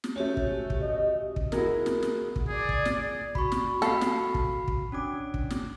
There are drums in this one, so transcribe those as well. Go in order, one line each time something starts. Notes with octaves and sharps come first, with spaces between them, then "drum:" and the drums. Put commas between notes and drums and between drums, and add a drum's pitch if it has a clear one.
drum: snare
A3 C#4 F#4 G4
drum: kick
drum: kick
D#5
drum: kick
E4 F#4 G#4 A#4, drum: snare
drum: snare
drum: snare
drum: kick
G#4 D5
drum: kick
drum: snare
F#4 B5 C#6, drum: kick
drum: snare
A4 F5 B5 C7, drum: snare
drum: snare
drum: kick
drum: kick
C#4 D4 D6
drum: kick
drum: snare